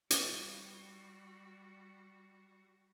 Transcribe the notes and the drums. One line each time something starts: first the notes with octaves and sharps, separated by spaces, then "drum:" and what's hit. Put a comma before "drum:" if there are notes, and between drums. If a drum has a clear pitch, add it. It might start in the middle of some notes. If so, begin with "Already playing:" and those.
G3 F#4, drum: hi-hat